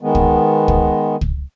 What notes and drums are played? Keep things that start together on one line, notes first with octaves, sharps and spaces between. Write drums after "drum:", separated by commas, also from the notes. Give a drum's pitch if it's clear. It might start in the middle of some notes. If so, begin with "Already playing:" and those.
D#3 G#3 B3
drum: kick
drum: kick
drum: kick